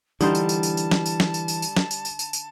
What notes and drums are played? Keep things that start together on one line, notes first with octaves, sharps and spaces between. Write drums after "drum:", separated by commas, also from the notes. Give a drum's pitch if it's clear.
D3 E3 G3 D#4 C5 A5, drum: tambourine
drum: tambourine
drum: tambourine
drum: tambourine
drum: tambourine
drum: snare
drum: tambourine
drum: snare
drum: tambourine
drum: tambourine
drum: tambourine
drum: snare
drum: tambourine
drum: tambourine
drum: tambourine
drum: tambourine